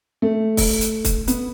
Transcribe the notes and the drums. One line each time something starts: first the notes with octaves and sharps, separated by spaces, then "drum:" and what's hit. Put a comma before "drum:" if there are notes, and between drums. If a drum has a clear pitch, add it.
A3
drum: kick, open hi-hat
drum: hi-hat
drum: kick, hi-hat
B3, drum: hi-hat